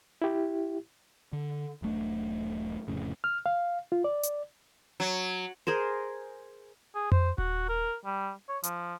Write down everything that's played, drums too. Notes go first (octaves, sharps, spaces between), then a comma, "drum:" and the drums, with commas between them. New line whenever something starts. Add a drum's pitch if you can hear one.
E4 G4
D3
E1 B1 A3 D4
F1 F2 A2 C#3
F6
F5
F4
D5
drum: hi-hat
F#3
G#4 A#4 C5
G#4
C5, drum: tom F2
F#4, drum: kick D#1
A#4
G3
C#5
F3, drum: hi-hat